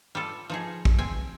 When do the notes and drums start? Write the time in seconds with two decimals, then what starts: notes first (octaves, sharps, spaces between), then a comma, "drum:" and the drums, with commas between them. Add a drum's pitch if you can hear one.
0.15 G3 F4 A4
0.50 F3 D#4 G#4
0.85 drum: kick
0.99 C4 G#5